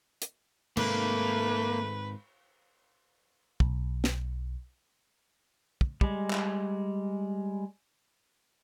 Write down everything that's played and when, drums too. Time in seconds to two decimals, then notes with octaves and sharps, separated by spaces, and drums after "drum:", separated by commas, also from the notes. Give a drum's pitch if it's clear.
0.22 drum: hi-hat
0.77 G#2 C3 D#3 A3 A#3 B4, drum: cymbal
3.60 B1, drum: kick
4.04 drum: snare
5.81 drum: kick
6.01 G3 G#3, drum: kick
6.31 drum: clap